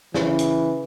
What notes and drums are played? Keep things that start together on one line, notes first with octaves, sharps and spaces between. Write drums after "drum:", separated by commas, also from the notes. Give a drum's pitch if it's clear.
C#3 E3, drum: snare
drum: hi-hat